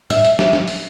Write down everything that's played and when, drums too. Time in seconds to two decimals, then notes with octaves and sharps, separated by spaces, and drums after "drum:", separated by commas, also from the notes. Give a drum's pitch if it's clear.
0.10 E5, drum: open hi-hat
0.25 drum: hi-hat
0.39 drum: snare
0.53 drum: snare
0.68 drum: open hi-hat